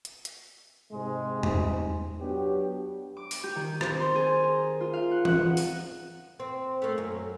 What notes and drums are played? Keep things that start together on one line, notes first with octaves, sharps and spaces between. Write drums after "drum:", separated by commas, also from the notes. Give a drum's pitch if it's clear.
drum: hi-hat
drum: hi-hat
G#2 C3 G#3
drum: tom E2
F#3 B3 D4 G4
D6
drum: open hi-hat
G4
D#3
C4, drum: rim click
C6
G#4
A#4
F4
F5
F#5
F#5, drum: tom E3
drum: open hi-hat
C4
A3 A#3
F#2